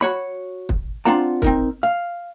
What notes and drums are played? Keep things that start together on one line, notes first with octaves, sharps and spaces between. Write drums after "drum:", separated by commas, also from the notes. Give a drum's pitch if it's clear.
F#4 C#5 B5
drum: kick
C4 D4 F4 F#5 A5 A#5
C4 D#4 A#4, drum: kick
F5